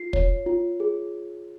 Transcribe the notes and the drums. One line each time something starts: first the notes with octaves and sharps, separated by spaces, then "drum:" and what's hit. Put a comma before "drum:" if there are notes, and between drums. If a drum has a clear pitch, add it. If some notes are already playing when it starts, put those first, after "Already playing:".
Already playing: F4 C7
C#5, drum: kick
F4
G#4